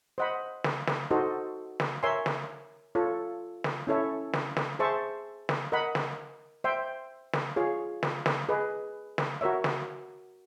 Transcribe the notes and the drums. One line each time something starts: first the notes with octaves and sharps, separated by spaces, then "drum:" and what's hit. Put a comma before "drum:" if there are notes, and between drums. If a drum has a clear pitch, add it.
C5 D#5 F#5 B5
drum: snare
drum: snare
D#4 F#4 A4 C5 D#5
drum: snare
A#4 C#5 E5 G#5 C6
drum: snare
F4 A4 C#5
drum: snare
C#4 E4 A4 C#5 E5
drum: snare
drum: snare
G#4 C5 E5 A5 C#6
drum: snare
A#4 D#5 F#5 B5
drum: snare
C5 E5 G5 C6
drum: snare
F4 G#4 C#5 F5
drum: snare
drum: snare
G#4 B4 D#5
drum: snare
F#4 A#4 C#5 E5
drum: snare